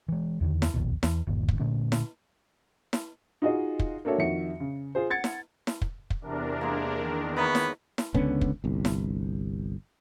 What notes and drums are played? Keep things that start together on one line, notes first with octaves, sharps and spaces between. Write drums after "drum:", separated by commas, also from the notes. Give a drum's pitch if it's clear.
E3 G#3
E2 D3 D#3
drum: snare E4
E1 A#1 D#2 B2
E2, drum: snare E4
G1 D#2 A#2
drum: kick
A#2 D3 A3 C#4
drum: snare E4
drum: snare E4
D#4 F4 F#4 G#4 D#5
drum: kick
A#3 D4 F#4 A4 C#5 E5
F2 D#3 F#4 E5 C#7
C#3
F4 G#4 C5
F#5 G#6 A6 C#7
drum: snare E4
drum: snare E4
drum: kick
drum: kick
E2 C3 D4 A#4
G#3 A#3
D#3
B3 D#4 E4 C#5
drum: snare E4
drum: snare E4
C#2 D3 B3 C#4, drum: kick
drum: kick
G1 C2
drum: snare E4